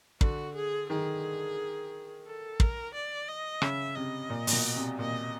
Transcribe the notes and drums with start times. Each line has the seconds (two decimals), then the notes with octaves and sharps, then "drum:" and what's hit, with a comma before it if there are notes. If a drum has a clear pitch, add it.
0.21 D3 F#4, drum: kick
0.55 G#4
0.89 D#3 G#4
2.26 A4
2.60 A#4, drum: kick
2.94 D5
3.28 D#5
3.62 C#3 E5, drum: rim click
3.96 C3 D#5
4.30 A#2
4.47 A#2, drum: open hi-hat
4.53 B2
4.76 C3
4.99 A#2 D#5